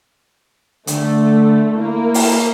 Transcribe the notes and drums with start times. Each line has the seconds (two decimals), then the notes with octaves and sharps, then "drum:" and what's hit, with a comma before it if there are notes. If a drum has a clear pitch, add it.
0.87 D3 A3, drum: hi-hat
1.76 A#3 E4
2.14 drum: open hi-hat